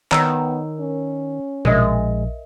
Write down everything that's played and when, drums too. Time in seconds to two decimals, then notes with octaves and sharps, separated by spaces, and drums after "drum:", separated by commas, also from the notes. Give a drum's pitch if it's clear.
0.12 D#3 B3 C#5 A#5 E6, drum: clap
0.80 C#4
1.65 A#1 G#3 A#4 D#5 E5, drum: tom B2